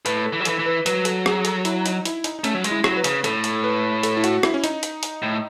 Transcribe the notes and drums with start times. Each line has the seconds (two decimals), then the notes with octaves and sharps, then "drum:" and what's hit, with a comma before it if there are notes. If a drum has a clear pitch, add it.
0.06 A2 B4, drum: hi-hat
0.26 A4
0.33 E3
0.40 F#3
0.45 E3 A4, drum: hi-hat
0.59 E3
0.66 B4
0.86 F#3 B4, drum: hi-hat
1.05 A4, drum: hi-hat
1.26 G#4, drum: rim click
1.45 A4, drum: hi-hat
1.65 E4, drum: hi-hat
1.86 D#4, drum: hi-hat
2.05 E4, drum: hi-hat
2.24 D#4, drum: hi-hat
2.39 D#4
2.44 A3 C#4, drum: hi-hat
2.54 F#3
2.64 G#3, drum: hi-hat
2.71 E4
2.84 F#3, drum: rim click
2.97 B4
3.04 C#3, drum: hi-hat
3.24 A2 A4, drum: hi-hat
3.44 drum: hi-hat
3.64 B4
4.03 A4, drum: hi-hat
4.17 E4
4.24 F#4, drum: hi-hat
4.43 E4, drum: rim click
4.54 C#4
4.64 D#4, drum: hi-hat
4.83 drum: hi-hat
5.03 drum: hi-hat
5.22 A2